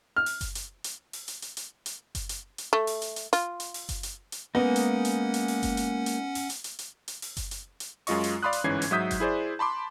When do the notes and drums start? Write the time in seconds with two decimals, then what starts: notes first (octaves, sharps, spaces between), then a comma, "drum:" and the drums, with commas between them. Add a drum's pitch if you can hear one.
0.16 F6
0.26 drum: open hi-hat
0.41 drum: kick F#1, hi-hat
0.55 drum: hi-hat
0.84 drum: hi-hat
1.13 drum: open hi-hat
1.28 drum: hi-hat
1.42 drum: hi-hat
1.57 drum: hi-hat
1.86 drum: hi-hat
2.15 drum: kick F#1, hi-hat
2.29 drum: hi-hat
2.58 drum: hi-hat
2.73 A3
2.87 drum: open hi-hat
3.02 drum: hi-hat
3.16 drum: hi-hat
3.33 F4, drum: hi-hat
3.60 drum: hi-hat
3.74 drum: open hi-hat
3.89 drum: kick F#1, hi-hat
4.03 drum: hi-hat
4.32 drum: hi-hat
4.55 G#3 A#3 B3 C#4 D#4 F#5
4.76 drum: hi-hat
5.05 drum: hi-hat
5.34 drum: hi-hat
5.48 drum: open hi-hat
5.63 drum: kick F#1, hi-hat
5.77 drum: hi-hat
6.06 drum: hi-hat
6.35 drum: open hi-hat
6.50 drum: hi-hat
6.64 drum: hi-hat
6.79 drum: hi-hat
7.08 drum: hi-hat
7.22 drum: open hi-hat
7.37 drum: kick F#1, hi-hat
7.51 drum: hi-hat
7.80 drum: hi-hat
8.07 F#2 G#3 F4 D#5 C#6, drum: open hi-hat
8.24 drum: hi-hat
8.43 D5 F5 B5 C6 D#6 F#6
8.53 drum: hi-hat
8.64 G1 G#2 E3 C#4 G#6 C7
8.82 drum: hi-hat
8.91 G#2 F#3 E5 D#6 G6 B6
9.11 drum: kick F#1, hi-hat
9.20 E4 G#4 C5 D5
9.59 A5 B5 C6 D6